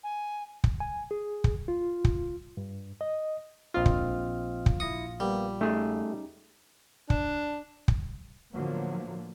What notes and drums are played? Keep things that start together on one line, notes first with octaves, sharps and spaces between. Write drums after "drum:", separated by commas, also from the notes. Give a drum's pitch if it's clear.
G#5
drum: kick
G#5
G#4
drum: kick
F4
drum: kick
G2
D#5
A#1 C4 F4 D#5 F6
drum: kick
drum: kick
E4 D#6 A#6 C#7
G3 A#3 B3
A3 C#4 D#4 G4 G#4
D4, drum: kick
drum: kick
A2 D3 F3 F#3 A#3 B3